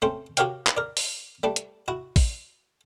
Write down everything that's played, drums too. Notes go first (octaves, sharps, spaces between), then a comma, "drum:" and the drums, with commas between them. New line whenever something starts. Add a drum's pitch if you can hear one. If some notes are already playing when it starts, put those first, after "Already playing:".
A3 C4 C#4 A4 C5
F#4 G4 A#4 C#5 F5 G5, drum: hi-hat
drum: clap
A#4 D5
drum: open hi-hat
G3 A3 D4
drum: hi-hat
E4 F#4
drum: kick A1, open hi-hat